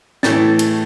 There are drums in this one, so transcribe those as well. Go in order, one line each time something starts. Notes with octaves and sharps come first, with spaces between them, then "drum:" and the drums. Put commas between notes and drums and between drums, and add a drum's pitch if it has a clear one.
A2 E3 A3 A6, drum: snare
drum: cymbal